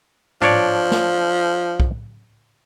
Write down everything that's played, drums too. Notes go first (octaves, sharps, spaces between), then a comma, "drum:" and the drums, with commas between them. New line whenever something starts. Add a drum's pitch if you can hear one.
F3 D4 C#5 D5, drum: tom G#2
drum: snare
drum: kick B1